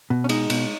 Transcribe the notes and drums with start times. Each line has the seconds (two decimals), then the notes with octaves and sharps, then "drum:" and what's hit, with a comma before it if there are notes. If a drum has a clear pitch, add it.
0.10 B2
0.24 C#4
0.29 G#3 D#4, drum: cymbal
0.50 B2, drum: cymbal